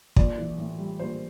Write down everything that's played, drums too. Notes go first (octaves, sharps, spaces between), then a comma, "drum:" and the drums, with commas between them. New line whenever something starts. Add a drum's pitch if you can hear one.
A#1 D5, drum: kick
E3
A2
G3
A#1 C5